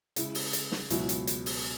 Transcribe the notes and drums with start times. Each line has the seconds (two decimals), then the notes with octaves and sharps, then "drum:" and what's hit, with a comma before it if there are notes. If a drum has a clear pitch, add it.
0.16 C#3 G#3 E4, drum: hi-hat
0.35 drum: open hi-hat
0.53 drum: hi-hat
0.72 drum: snare
0.90 C#2 B2 F#3 E4, drum: hi-hat
1.09 drum: hi-hat
1.27 drum: hi-hat
1.46 drum: open hi-hat